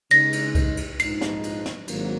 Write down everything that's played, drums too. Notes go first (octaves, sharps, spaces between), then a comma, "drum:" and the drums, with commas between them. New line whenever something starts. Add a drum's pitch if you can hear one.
C#3 G#3 D#4 A#6, drum: cymbal
drum: cymbal
drum: kick C2, cymbal
drum: cymbal
A#1 G#2 F3 G#3 D#4 C7, drum: cymbal
drum: snare
drum: cymbal
drum: snare
G#1 G#2 F#3 A#3, drum: cymbal